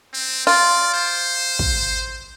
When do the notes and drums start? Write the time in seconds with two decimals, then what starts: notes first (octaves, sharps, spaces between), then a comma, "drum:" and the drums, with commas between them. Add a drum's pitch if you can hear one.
0.14 C4
0.47 F4 D5
0.94 C5
1.59 drum: kick